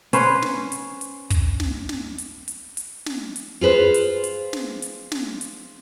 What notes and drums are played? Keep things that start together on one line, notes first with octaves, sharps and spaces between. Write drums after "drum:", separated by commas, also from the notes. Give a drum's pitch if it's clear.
C#4 B4 C5, drum: hi-hat
drum: snare
drum: hi-hat
drum: hi-hat
drum: kick, hi-hat
drum: snare
drum: snare
drum: hi-hat
drum: hi-hat
drum: hi-hat
drum: snare
drum: hi-hat
F4 G#4 B4 C5
drum: hi-hat
drum: hi-hat
drum: snare
drum: hi-hat
drum: snare
drum: hi-hat